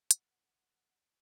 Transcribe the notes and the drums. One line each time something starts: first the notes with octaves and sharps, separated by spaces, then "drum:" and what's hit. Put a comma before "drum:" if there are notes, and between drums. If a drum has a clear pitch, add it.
F#5, drum: hi-hat